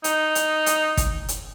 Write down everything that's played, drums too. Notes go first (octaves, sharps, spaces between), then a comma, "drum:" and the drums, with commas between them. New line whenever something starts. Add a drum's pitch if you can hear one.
D#4, drum: hi-hat
drum: hi-hat
drum: hi-hat
drum: kick, hi-hat
drum: hi-hat